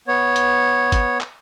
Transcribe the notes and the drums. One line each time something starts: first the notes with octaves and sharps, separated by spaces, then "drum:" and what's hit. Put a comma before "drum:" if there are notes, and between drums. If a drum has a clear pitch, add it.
B3 C#5
drum: hi-hat
drum: kick G1, hi-hat
drum: clap